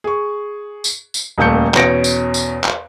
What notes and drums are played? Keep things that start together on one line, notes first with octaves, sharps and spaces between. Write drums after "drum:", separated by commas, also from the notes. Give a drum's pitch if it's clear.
G#4 C#6
drum: tambourine
drum: tambourine
D#1 C#2 A#2 A3 G6 C#7
E2 B2 C#4 A#6 C#7 D7, drum: clap
drum: tambourine
drum: tambourine
drum: clap